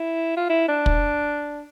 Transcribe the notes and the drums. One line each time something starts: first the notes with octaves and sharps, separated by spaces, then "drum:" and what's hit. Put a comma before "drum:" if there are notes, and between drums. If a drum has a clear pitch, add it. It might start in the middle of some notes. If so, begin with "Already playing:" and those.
Already playing: E4
F4
E4
D4
drum: kick